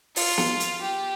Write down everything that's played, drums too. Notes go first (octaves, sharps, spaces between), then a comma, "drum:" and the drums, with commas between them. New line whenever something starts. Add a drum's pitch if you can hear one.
F4, drum: open hi-hat
drum: snare
drum: hi-hat
G4